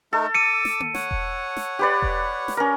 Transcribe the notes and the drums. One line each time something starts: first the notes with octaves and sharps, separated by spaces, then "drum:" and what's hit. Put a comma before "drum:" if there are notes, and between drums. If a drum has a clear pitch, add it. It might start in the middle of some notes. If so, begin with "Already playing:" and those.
A3 D#4 A4 A#4
D6 E6 C#7 D#7
drum: snare
drum: tom A#3
C#5 F#5, drum: snare
drum: kick E1
drum: snare
G4 B4 D5
drum: kick E1
drum: snare
C#4 A#4